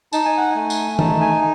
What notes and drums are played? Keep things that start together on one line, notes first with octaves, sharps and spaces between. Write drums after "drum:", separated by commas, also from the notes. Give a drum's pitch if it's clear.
D#4 A5, drum: tambourine
G#5
F#5
A3 G#5
drum: tambourine
D#4 A5, drum: tom D#3
G#5